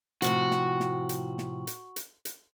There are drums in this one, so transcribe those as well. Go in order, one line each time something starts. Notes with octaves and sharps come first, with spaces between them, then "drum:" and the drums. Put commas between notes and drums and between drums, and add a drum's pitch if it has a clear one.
A2 C3 F3 F#4, drum: hi-hat
drum: snare
drum: snare
drum: hi-hat
drum: snare
drum: hi-hat
drum: hi-hat
drum: hi-hat